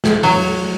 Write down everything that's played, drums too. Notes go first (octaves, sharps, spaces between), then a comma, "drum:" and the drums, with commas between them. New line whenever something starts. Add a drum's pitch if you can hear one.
drum: snare
F#3, drum: open hi-hat